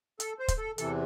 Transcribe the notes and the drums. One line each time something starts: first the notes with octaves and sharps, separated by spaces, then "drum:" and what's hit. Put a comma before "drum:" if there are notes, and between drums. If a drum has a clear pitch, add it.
A4, drum: hi-hat
C5
drum: kick, hi-hat
A4
E2 C3 E3 A4, drum: hi-hat